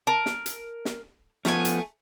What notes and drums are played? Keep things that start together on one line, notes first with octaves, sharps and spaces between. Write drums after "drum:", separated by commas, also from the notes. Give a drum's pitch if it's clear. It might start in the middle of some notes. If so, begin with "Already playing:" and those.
A#4 A5
drum: snare
drum: hi-hat
drum: snare
F3 A3 B3 G#5, drum: snare
drum: hi-hat